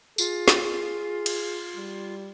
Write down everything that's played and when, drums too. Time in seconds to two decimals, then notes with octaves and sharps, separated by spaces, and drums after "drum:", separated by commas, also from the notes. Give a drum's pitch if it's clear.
0.18 F4 G#4, drum: tambourine
0.48 drum: snare
1.26 drum: cymbal
1.76 G3